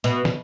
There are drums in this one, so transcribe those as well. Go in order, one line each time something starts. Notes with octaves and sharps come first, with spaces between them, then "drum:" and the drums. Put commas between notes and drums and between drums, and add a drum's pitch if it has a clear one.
B2, drum: hi-hat
drum: snare